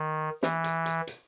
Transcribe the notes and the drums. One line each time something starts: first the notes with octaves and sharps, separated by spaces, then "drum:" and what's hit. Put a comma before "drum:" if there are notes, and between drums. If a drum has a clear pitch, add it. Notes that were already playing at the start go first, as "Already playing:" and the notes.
Already playing: D#3
E3, drum: snare
drum: hi-hat
drum: hi-hat
drum: hi-hat